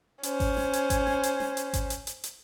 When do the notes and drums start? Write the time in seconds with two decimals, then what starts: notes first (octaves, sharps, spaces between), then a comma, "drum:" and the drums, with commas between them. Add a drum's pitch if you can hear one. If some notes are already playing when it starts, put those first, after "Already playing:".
0.23 C#4 C5, drum: hi-hat
0.40 drum: kick G#1, open hi-hat
0.57 drum: snare
0.73 drum: hi-hat
0.90 drum: kick G#1, hi-hat
1.07 drum: snare
1.23 drum: hi-hat
1.40 drum: snare
1.57 drum: hi-hat
1.73 drum: kick G#1, hi-hat
1.90 drum: hi-hat
2.07 drum: hi-hat
2.24 drum: hi-hat